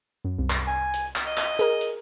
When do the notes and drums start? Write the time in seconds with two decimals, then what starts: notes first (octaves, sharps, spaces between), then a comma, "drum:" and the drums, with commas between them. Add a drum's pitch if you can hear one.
0.25 F#2
0.38 C2
0.50 drum: clap
0.67 G#5
0.94 drum: hi-hat
1.15 drum: clap
1.26 D#5
1.37 drum: clap
1.59 G#4 A#4, drum: hi-hat
1.81 drum: hi-hat